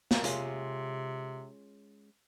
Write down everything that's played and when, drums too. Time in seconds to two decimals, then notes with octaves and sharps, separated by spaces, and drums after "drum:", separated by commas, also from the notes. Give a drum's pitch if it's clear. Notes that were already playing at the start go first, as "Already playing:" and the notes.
0.11 drum: snare
0.24 C3 G#3 C#4 F4, drum: hi-hat